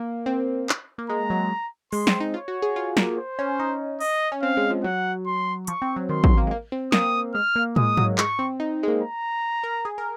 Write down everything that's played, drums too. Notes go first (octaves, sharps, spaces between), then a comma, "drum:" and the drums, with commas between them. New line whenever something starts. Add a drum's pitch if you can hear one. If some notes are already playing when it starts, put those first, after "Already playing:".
Already playing: A#3
C4
drum: clap
A#3
G#3 A#5
F#3
G#3 C6, drum: open hi-hat
C4, drum: snare
D#4
F4 C#5
F#4
G#4
F4
A#3, drum: snare
C5
C#4
D#4
D#5, drum: open hi-hat
C#4
C4 F5
G#3
F3
F#3 F#5
C6
F3 C#6, drum: hi-hat
C4
F#3
D#3 C6
F#3, drum: kick
A#3
G#3
A#3
C4
A#3 D#6, drum: snare
G#3 F6
A#3
G#3 D#6, drum: tom
F#3, drum: tom G#2
G#3 C#6, drum: clap
C4
D#4
G#3
A#3
A#5
A#4
G#4
A#4